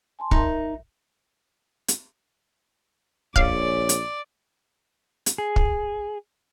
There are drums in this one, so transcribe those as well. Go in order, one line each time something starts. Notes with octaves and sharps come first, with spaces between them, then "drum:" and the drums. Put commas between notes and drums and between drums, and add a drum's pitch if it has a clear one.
G#5 A5 C6
D#4 A#4 E5, drum: kick
drum: hi-hat
A#1 C#3 C#4 D5 F5, drum: kick
drum: hi-hat
drum: hi-hat
G#4
drum: kick